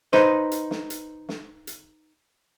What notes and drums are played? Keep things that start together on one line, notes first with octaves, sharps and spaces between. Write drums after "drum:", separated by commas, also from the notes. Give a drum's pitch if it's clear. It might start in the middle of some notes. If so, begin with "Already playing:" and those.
D#4 B4 C5, drum: snare
drum: hi-hat
drum: snare
drum: hi-hat
drum: snare
drum: hi-hat